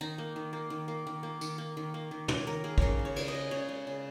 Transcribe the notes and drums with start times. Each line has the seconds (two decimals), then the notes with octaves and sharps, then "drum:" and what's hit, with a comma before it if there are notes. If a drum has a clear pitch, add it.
0.01 D#3 D#4
0.18 A#3
0.36 D#3
0.53 A#3
0.70 D#3
0.88 A#3
1.07 D#3
1.23 A#3
1.41 D#3, drum: tambourine
1.58 A#3
1.77 D#3
1.94 A#3
2.11 D#3
2.28 A#3 C#5, drum: tom
2.47 D#3 A#4
2.64 A#3 G#4
2.78 C#3 A#4 C#5, drum: kick
2.99 G#3
3.05 C#5
3.16 C#3, drum: cymbal
3.28 D#5
3.35 G#3
3.51 C#3 C#5
3.69 G#3
3.87 C#3